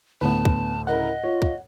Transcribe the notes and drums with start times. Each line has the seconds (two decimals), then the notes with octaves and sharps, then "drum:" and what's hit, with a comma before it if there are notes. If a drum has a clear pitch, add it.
0.21 D2 A2 B3 B4 A5
0.45 drum: kick
0.87 C#3 E4 A#4 D#5 F#5
1.24 F4 C#5
1.42 drum: kick